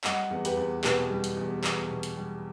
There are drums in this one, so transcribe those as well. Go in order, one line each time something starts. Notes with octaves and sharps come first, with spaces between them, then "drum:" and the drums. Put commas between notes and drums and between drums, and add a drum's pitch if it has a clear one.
G3 D#5 F#5, drum: clap
E2
G4 B4, drum: hi-hat
E2
B2 G4 B4, drum: clap
G3
drum: hi-hat
E2
E2, drum: clap
B2
drum: hi-hat
G3